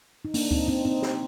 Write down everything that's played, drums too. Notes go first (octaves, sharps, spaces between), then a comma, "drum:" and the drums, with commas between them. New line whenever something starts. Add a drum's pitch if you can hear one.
D#4
A#3 D4, drum: open hi-hat
C4 D#4, drum: kick D2
C4 D#4
C4 D#4
drum: snare